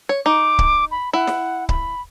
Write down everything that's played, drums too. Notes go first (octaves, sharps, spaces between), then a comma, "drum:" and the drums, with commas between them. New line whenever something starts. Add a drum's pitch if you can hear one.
C#5
D#4 D6
drum: kick C#1
B5
E4 F#5
drum: snare
B5, drum: kick C#1